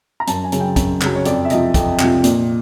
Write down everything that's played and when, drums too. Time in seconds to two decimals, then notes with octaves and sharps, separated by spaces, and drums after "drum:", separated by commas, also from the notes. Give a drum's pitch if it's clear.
0.20 A#5
0.27 F#2 A5, drum: hi-hat
0.44 G#5
0.52 C#3 F#3, drum: hi-hat
0.60 G5
0.76 F#2, drum: kick, hi-hat
1.01 C#3 F#3, drum: clap
1.15 C#5
1.25 F2 D5, drum: hi-hat
1.45 E5
1.50 C3 F3 D#5, drum: hi-hat
1.74 F2, drum: kick, hi-hat
1.99 C3 F3, drum: clap
2.24 A#2, drum: hi-hat